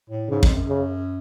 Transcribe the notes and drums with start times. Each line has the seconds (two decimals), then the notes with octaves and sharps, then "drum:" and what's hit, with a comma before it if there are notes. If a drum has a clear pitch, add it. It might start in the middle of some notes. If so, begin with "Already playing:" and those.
0.10 A2
0.29 G#2 C#3
0.43 F2, drum: kick
0.55 F#2
0.68 C#3